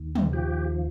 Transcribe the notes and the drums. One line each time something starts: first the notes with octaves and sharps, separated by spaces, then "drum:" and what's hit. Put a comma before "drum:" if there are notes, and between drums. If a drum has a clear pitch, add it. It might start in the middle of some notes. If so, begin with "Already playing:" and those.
Already playing: D#2
drum: tom
F3 G4